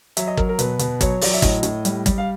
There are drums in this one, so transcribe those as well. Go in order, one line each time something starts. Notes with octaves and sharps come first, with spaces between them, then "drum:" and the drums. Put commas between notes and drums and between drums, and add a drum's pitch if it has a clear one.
F#3 E5, drum: hi-hat
D#5
F#3 A#4, drum: kick
A#4
B2 B4, drum: hi-hat
B2, drum: hi-hat
F#3 C#5, drum: kick, hi-hat
F#3 D5, drum: open hi-hat
E5
A2 D#5, drum: kick, hi-hat
A2, drum: hi-hat
G3, drum: hi-hat
G3, drum: kick, hi-hat
F5